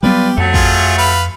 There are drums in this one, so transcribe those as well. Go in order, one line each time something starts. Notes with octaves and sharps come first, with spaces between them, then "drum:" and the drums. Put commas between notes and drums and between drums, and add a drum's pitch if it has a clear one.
F#3 G3 B3 F4 G4 B4 D5
F2 F#3 A3
F4 G#4, drum: kick
B4 F5 B5